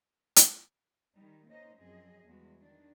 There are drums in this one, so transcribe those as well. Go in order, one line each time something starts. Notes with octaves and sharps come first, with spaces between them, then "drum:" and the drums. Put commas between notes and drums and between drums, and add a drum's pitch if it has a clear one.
drum: hi-hat
D#3 G3 D#4
A#3 C#4 D#4 C5 D#5
F#2 F3 C4 G#4 D#5
E2 F3 G3 G#3 F#4
D#3 D4